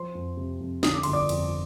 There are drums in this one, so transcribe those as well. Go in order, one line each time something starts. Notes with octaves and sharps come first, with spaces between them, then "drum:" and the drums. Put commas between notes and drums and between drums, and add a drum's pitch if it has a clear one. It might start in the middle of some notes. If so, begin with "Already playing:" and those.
Already playing: F3 C5 C6
F2
C3
F2
D3 D#6, drum: snare
D6
G1 C6, drum: cymbal
D5 D6
F2, drum: cymbal